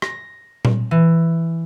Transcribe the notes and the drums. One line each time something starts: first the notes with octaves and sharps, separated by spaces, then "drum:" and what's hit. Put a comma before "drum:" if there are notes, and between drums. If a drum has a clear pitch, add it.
A#6, drum: rim click
drum: tom A#2
E3